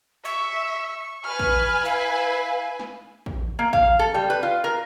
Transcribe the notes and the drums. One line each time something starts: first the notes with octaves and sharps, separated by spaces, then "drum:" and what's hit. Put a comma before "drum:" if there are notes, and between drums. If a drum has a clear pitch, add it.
E5 C#6
B4 G#5 F6
drum: kick
E4 F5
drum: snare
drum: kick
A#3
F5, drum: kick
A4
G3
B4
F4
A#4